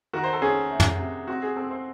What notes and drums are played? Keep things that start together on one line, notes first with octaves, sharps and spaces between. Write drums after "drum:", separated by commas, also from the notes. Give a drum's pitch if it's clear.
D#3 F#4
C5
A4
C#4 G#4
A3
drum: tom
C3
C4 F#4
G#4
C4 A4
C5